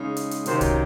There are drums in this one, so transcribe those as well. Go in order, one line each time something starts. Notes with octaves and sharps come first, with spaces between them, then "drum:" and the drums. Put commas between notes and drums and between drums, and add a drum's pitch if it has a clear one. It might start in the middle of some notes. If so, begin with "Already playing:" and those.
Already playing: C#3 G#3 D#4
drum: hi-hat
drum: hi-hat
C3 D#3 F#3 A#3 C#4 C5, drum: hi-hat
drum: kick C2, hi-hat